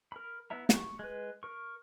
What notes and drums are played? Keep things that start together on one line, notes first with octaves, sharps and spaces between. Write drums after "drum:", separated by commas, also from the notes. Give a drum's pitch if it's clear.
A#4 B5
B3 E4 E5 A#5
C#6, drum: snare
G#3 B4
A#4 C#6